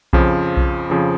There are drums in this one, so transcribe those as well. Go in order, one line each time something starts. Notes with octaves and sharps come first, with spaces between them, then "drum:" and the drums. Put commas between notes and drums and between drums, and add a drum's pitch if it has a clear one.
F2 C#3 F3, drum: kick B1
drum: kick B1
F2 C#3 F3